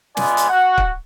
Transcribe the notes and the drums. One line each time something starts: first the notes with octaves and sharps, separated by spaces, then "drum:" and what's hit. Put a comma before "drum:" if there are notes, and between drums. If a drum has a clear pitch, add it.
G#3 B3 F4 D5 G#5, drum: snare
drum: hi-hat
F#4 F#5
drum: kick